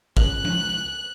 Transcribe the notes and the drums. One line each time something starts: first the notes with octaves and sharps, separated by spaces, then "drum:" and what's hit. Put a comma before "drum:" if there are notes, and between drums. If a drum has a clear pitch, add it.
C#2 F#6, drum: kick
drum: tom F3